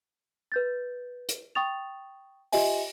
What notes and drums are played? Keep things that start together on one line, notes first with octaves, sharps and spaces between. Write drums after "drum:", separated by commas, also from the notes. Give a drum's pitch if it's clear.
B4 G6 A6
drum: hi-hat
G5 C#6 D#6 A6 F7
F4 G4 D#5 E5 G#5, drum: open hi-hat